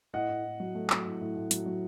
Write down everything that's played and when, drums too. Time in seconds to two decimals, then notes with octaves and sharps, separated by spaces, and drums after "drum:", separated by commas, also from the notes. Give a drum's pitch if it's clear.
0.13 A2 D#5 F#5
0.29 A2
0.44 A2
0.60 F#3
0.75 A3
0.90 F#3, drum: clap
1.05 A2
1.21 A2
1.36 A2
1.51 F#3, drum: hi-hat
1.66 F#3